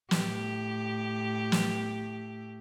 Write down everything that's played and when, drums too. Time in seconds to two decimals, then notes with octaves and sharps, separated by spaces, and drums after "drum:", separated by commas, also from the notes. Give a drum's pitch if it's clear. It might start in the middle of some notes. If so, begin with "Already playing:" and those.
0.11 A2 G4, drum: snare
1.52 drum: snare